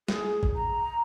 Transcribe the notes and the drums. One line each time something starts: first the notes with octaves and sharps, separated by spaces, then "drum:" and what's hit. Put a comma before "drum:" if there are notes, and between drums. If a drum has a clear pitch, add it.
G#4, drum: snare
drum: kick G#1
A#5